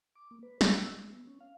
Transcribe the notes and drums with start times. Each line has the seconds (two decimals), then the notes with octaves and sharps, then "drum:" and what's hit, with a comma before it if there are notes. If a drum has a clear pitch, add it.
0.15 D6
0.31 A#3
0.43 B4
0.61 C4, drum: snare
0.80 E6
0.94 G#3
1.13 B3
1.27 C#4
1.40 F5